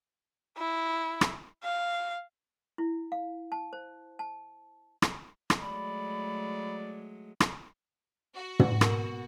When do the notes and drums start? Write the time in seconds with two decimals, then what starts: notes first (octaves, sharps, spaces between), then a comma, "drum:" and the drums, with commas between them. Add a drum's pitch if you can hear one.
0.58 E4
1.21 drum: rim click
1.64 F5
2.78 E4
3.12 F5
3.52 A5
3.73 C5
4.19 A5
5.02 drum: rim click
5.50 drum: rim click
5.61 F#3 G#3 A3 D5 B5
7.40 drum: rim click
8.36 F#4
8.59 drum: tom
8.81 B2 A#4, drum: rim click